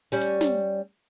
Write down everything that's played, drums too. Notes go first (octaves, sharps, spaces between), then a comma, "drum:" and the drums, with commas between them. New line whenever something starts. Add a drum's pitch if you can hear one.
G3 C#4
drum: hi-hat
drum: snare